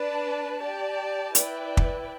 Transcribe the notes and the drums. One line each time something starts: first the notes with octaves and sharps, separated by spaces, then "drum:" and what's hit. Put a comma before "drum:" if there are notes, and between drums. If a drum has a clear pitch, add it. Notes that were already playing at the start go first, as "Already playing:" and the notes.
Already playing: D4 B4 D5 A5
G4 D5 A5
E4 B4 D5 G5, drum: hi-hat
drum: kick